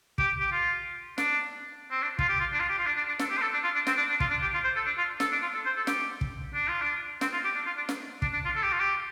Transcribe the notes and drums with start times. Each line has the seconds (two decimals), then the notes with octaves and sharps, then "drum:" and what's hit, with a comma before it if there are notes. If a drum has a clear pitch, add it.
0.18 G4, drum: kick
0.41 G4
0.52 F4
1.18 D4, drum: snare
1.91 C4
2.02 D4
2.19 F4, drum: kick
2.29 G4
2.40 F4
2.53 D4
2.60 F4
2.69 G4
2.78 F4
2.87 D4
2.97 D4
3.08 D4
3.19 A4, drum: snare
3.30 G4
3.37 C5
3.41 A4
3.53 D4
3.64 F4
3.75 D4
3.87 C4, drum: snare
3.97 D4
4.09 D4
4.20 F4, drum: kick
4.31 D4
4.42 G4
4.54 F4
4.64 C5
4.76 A4
4.86 D4
4.98 F4
5.20 A4, drum: snare
5.32 D4
5.42 F4
5.55 A4
5.65 C5
5.77 A4
5.87 G4, drum: snare
6.21 drum: kick
6.54 D4
6.69 F4
6.82 D4
7.21 C4, drum: snare
7.33 F4
7.44 G4
7.55 D4
7.66 F4
7.77 D4
7.89 drum: snare
8.22 D4, drum: kick
8.33 D4
8.45 F4
8.56 A4
8.63 G4
8.72 F4
8.80 G4